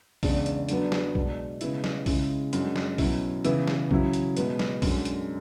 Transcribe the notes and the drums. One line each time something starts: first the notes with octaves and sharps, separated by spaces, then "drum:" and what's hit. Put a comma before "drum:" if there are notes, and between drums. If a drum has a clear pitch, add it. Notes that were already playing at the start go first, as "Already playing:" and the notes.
E2 C#3 G#3 D4, drum: kick B1, open hi-hat
drum: hi-hat
D3 F#3 B3 D4, drum: hi-hat
drum: snare
B2 G#3 D4, drum: kick B1
C#3 G#3 B3 E4, drum: hi-hat
drum: snare
C#3 G#3 C#4 E4, drum: kick B1, open hi-hat
F#2 D3 G#3, drum: hi-hat
drum: snare
B2 F#3 C#4 E4, drum: kick B1, open hi-hat
C#3 E3 B3 E4, drum: hi-hat
drum: snare
C#3 F#3 C#4 E4, drum: kick B1
drum: hi-hat
B2 G#3 B3, drum: hi-hat
drum: snare
F#2 D3 G#3, drum: kick B1, open hi-hat
drum: hi-hat